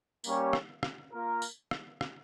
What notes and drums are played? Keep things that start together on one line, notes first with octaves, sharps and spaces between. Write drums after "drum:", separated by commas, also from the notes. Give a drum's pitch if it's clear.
G3 A#3 C#4 G4 C#5, drum: tambourine
drum: rim click
drum: rim click
A#3 F4 A#4
drum: tambourine
drum: rim click
drum: rim click